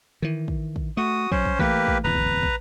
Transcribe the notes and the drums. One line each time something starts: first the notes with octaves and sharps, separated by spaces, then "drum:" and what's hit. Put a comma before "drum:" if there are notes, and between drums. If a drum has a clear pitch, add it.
D#3 E3
drum: kick
drum: kick
A3 F#4 D#6
F#3 C#4 C5, drum: kick
drum: kick
E3 A3 A#3 G4 B4, drum: kick
drum: kick
D1 E2 B4 A#5
drum: kick
drum: kick